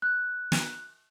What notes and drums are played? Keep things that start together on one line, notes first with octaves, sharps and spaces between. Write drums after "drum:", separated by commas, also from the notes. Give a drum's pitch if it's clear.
F#6
drum: snare